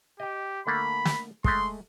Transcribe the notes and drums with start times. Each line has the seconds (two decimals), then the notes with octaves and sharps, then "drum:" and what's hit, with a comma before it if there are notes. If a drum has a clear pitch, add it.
0.20 G4 D#5 G5
0.67 D3 A3 A#3 B5
1.05 drum: snare
1.44 G#3 A3 C6, drum: kick